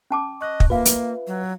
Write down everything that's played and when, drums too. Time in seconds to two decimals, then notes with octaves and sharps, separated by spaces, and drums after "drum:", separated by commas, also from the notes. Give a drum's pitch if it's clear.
0.11 C#4 A5 D6
0.41 D#5 C#6 F#6
0.60 drum: kick
0.70 A#3 F4 B4 E5 F5
0.85 drum: hi-hat
1.27 F#3